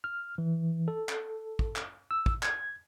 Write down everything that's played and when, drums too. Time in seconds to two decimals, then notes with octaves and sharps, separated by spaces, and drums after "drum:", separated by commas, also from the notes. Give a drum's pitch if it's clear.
0.04 F6
0.38 E3
0.88 A4
1.09 drum: clap
1.59 drum: kick
1.76 drum: clap
2.11 E6
2.26 drum: kick
2.43 G#6, drum: clap